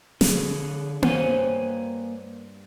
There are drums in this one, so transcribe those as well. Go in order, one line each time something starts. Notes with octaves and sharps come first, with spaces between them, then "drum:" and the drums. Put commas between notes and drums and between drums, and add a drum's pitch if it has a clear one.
D3 G#4 F5, drum: snare
G2 A#3 C5 C#5 F#5 G#5, drum: tom A#3